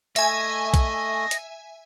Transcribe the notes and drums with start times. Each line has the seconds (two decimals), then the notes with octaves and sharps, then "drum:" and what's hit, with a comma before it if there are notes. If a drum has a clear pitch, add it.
0.16 A3 D#5 E5 G#5, drum: hi-hat
0.74 drum: kick, hi-hat
1.31 drum: hi-hat